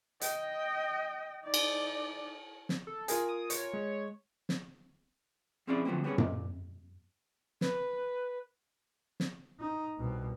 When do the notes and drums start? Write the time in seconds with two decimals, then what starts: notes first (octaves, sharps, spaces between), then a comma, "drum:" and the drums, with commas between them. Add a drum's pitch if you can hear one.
0.21 D#5 G5, drum: hi-hat
1.44 D#4 D5
1.54 drum: cymbal
2.69 drum: snare
2.87 A4
3.08 F4 G#4 A#4 G#5, drum: hi-hat
3.29 D#6
3.50 C#5, drum: hi-hat
3.73 G#3
4.49 drum: snare
5.67 F2 C4 C#4 E4 G#4 D5
5.85 D3 F3 F#3 A3 A#3 C4
6.04 G3 B3 C#4 G#4 C#5
6.18 A#2, drum: tom F#2
7.61 B4, drum: snare
9.20 drum: snare
9.60 D#4
9.98 C2 B2